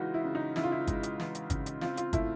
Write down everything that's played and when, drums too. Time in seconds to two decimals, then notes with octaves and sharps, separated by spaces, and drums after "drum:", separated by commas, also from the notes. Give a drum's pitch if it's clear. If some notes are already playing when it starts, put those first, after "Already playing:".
Already playing: C#3 E3 G#3 D#4 F4 F#4
0.14 E4
0.24 C#3
0.35 D#4
0.56 C#3 E4, drum: snare
0.64 F4
0.72 E4
0.87 G#3, drum: kick G1, hi-hat
1.03 drum: hi-hat
1.20 E3, drum: snare
1.35 drum: hi-hat
1.50 C#3, drum: kick G1, hi-hat
1.66 drum: hi-hat
1.81 C4 F4, drum: snare
1.97 F4, drum: hi-hat
2.13 A3 E4, drum: kick G1, hi-hat